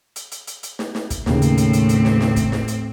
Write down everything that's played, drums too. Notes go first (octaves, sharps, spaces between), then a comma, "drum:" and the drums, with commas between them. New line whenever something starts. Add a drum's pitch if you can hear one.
drum: hi-hat
drum: hi-hat
drum: hi-hat
drum: hi-hat
drum: snare
drum: snare
drum: kick, hi-hat
D#2 A2 C#3 C4, drum: snare
drum: hi-hat
drum: hi-hat
drum: hi-hat
drum: hi-hat
drum: snare
drum: snare
drum: kick, hi-hat
drum: snare
drum: hi-hat